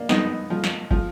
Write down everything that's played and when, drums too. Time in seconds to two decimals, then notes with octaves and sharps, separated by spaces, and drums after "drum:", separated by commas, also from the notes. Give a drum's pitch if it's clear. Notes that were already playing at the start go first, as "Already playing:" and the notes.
Already playing: A#3 D4
0.09 F2 B3 D#4, drum: snare
0.50 F3
0.64 drum: snare
0.91 F3, drum: kick